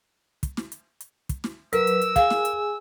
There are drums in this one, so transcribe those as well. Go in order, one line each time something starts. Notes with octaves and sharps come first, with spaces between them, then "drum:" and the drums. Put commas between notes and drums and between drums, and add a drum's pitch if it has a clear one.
drum: kick, hi-hat
drum: snare
drum: hi-hat
drum: hi-hat
drum: kick, hi-hat
drum: snare
F#3 A#4 B4 E6, drum: hi-hat
drum: hi-hat
drum: hi-hat
G#4 F5 G#5, drum: kick, hi-hat
drum: snare
drum: hi-hat